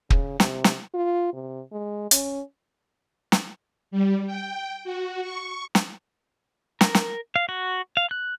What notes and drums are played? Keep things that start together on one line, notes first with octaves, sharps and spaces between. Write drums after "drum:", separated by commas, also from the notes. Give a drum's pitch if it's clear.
C#3, drum: kick
C3, drum: snare
drum: snare
F4
C3
G#3
C#4, drum: hi-hat
drum: snare
G3
G5
F#4
C#6
drum: snare
A#4, drum: snare
drum: snare
F5
F#4
F5
F#6